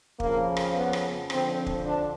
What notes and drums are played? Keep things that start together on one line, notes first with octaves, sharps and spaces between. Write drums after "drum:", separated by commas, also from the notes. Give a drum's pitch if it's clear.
F2 C#3 F3 A#3, drum: kick
drum: rim click
B3
drum: rim click
F2 D3 F3 C4, drum: rim click
drum: kick
D4